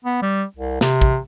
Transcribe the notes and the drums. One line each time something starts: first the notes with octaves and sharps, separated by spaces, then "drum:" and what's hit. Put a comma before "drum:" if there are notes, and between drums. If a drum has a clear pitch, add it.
B3
G3
C2
C3, drum: snare
drum: kick